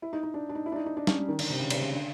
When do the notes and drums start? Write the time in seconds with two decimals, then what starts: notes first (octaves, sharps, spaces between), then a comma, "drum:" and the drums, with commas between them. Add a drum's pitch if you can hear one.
0.02 E4
0.13 D#4
0.23 D#4
0.34 D4
0.49 D4
0.55 D#4
0.66 E4
0.72 D4
0.76 D#4
0.86 D#4
0.97 D4
1.07 C#4, drum: snare
1.18 G3
1.29 D#3
1.39 D3, drum: cymbal
1.50 C3
1.60 C#3
1.70 C3, drum: cymbal
1.81 C#3
1.92 D3